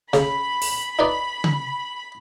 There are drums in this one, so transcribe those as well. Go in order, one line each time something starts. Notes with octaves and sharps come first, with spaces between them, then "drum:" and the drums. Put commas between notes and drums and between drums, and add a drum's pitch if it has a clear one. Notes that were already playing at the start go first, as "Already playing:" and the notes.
C#3 B5, drum: snare
drum: open hi-hat
D#4 B4 D5
drum: tom C#3